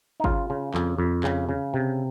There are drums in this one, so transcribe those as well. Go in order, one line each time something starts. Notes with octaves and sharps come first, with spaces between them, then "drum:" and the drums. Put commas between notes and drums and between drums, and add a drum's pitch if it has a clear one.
D#4
C#3 F4, drum: kick G1
C#3
F2, drum: clap
F2
C#3, drum: clap
C#3
C3